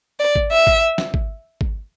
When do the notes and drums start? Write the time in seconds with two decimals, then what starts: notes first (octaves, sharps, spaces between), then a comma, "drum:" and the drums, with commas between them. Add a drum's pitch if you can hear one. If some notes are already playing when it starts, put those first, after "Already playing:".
0.19 D5
0.36 drum: kick
0.51 E5
0.67 drum: kick
0.98 drum: snare
1.14 drum: kick
1.61 drum: kick